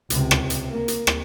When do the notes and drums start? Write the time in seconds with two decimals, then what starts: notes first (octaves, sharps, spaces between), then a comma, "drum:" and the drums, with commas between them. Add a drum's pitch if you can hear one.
0.10 C#2 C3, drum: hi-hat
0.31 drum: rim click
0.50 drum: hi-hat
0.69 A#3
0.88 drum: hi-hat
1.07 drum: rim click